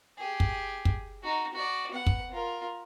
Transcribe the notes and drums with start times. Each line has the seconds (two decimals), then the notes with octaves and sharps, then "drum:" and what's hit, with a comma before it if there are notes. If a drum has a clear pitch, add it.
0.17 G4 G#4
0.40 drum: kick
0.85 drum: kick
1.23 D#4 F#4
1.54 F#4 D5
1.91 B3 F#5
2.07 drum: kick
2.31 F4 A#4